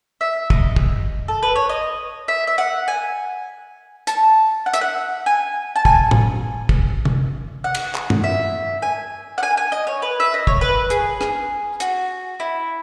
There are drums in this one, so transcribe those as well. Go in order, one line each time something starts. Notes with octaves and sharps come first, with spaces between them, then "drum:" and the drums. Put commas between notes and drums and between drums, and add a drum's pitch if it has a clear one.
E5
D#5, drum: kick
drum: kick
A4
B4
C#5
D#5
E5
E5
F#5
G#5
A5, drum: hi-hat
F#5
E5, drum: hi-hat
F#5
G#5
A5
G#5, drum: kick
drum: tom A2
drum: kick
drum: tom C3
F#5
drum: cymbal
drum: clap
drum: tom
E5
G#5
F#5
G#5
G#5
D#5
C#5
B4
E5
D#5
C#5, drum: kick
B4
G#4, drum: hi-hat
G#4, drum: rim click
F#4, drum: hi-hat
E4